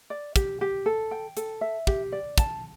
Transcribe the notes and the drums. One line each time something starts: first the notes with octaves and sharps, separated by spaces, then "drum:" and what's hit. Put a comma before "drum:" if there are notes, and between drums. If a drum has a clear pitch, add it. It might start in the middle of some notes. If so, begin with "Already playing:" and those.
D5
G4, drum: kick, hi-hat
G4
A4
G5
A4, drum: hi-hat
E5
G4, drum: kick
D5
A5, drum: kick, hi-hat